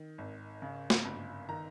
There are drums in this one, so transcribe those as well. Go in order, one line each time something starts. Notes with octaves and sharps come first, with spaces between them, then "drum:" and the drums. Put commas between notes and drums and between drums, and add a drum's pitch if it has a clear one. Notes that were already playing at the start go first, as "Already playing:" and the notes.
Already playing: D#3
G#1
C#3
drum: snare A3
G1
D#3 A#5